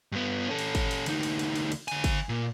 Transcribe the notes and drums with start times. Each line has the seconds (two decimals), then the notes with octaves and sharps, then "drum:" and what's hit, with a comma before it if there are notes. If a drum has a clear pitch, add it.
0.12 G2 B3
0.49 C#4 A4
0.59 drum: cymbal
0.75 drum: kick, cymbal
0.91 drum: cymbal
1.06 D2 D#4, drum: cymbal
1.23 drum: cymbal
1.39 drum: cymbal
1.56 drum: cymbal
1.72 drum: cymbal
1.88 D3 G#5, drum: cymbal
2.04 drum: kick, cymbal
2.29 A#2